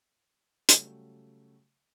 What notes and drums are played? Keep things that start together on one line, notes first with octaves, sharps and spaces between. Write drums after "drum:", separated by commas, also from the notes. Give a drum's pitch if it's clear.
C#3 F#3 G3 A3, drum: hi-hat